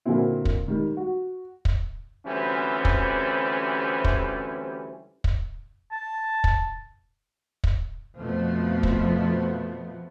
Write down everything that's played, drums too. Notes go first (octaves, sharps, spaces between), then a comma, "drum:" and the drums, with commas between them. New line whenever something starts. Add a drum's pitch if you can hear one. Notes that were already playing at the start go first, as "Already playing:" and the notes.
A#2 D3 F#3 A#3 C4 E4
drum: kick
D#3 G3
F#4
drum: kick
D2 C3 E3 G3 C4 C#4
drum: kick
drum: kick
drum: kick
A5
drum: kick
drum: kick
F2 B2 F3 A3 B3
drum: kick